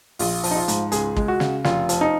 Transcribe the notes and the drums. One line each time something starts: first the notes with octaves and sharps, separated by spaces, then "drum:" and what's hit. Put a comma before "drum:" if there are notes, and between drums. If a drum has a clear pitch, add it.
A#1 F4, drum: open hi-hat
F3, drum: open hi-hat
D#4
F4
G#2, drum: hi-hat
C#2 G#4, drum: hi-hat
G#3, drum: kick
F#4
C#3, drum: snare
F1 F4, drum: snare
F3, drum: hi-hat
D#4